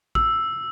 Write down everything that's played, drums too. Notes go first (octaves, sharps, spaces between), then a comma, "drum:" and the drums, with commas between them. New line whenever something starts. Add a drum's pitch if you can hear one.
E6, drum: kick A1